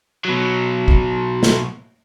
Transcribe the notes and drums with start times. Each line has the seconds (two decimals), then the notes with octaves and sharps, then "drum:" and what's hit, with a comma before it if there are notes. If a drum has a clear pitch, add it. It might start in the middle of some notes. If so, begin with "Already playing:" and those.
0.25 B2 F#3
0.88 drum: kick
1.43 drum: snare